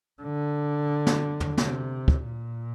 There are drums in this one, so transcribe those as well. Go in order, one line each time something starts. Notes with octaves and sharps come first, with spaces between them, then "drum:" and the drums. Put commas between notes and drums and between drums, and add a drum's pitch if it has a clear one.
D3
drum: snare
drum: tom
C3, drum: snare
drum: kick
A#2